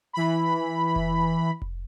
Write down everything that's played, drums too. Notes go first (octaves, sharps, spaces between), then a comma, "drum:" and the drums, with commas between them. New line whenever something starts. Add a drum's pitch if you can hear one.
E3 B5
drum: kick F1
drum: kick F1